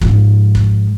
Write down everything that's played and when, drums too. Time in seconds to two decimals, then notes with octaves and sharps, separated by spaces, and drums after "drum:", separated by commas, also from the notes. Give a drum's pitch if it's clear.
0.01 G#2 F3, drum: kick
0.55 drum: kick